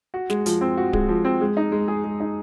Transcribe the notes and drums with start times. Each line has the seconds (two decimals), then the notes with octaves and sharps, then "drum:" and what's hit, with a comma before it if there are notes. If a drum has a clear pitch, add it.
0.14 F#4
0.30 G#3, drum: snare
0.46 F3, drum: hi-hat
0.61 C4
0.77 F#4
0.93 G#3, drum: kick D1
1.08 F3
1.25 C4
1.41 G#3
1.57 D#4
1.72 G#3
1.88 G#4
2.04 G#3
2.20 D#4